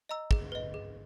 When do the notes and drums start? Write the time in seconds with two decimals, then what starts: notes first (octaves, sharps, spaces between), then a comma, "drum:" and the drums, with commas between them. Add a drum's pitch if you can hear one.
0.09 D#5 A#5 E6
0.31 G#4, drum: kick
0.52 B4 D#5
0.74 G#4